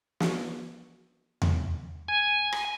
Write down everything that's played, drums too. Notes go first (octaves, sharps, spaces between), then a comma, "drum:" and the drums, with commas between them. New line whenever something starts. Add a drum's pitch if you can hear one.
drum: snare
drum: tom E2
G#5
drum: rim click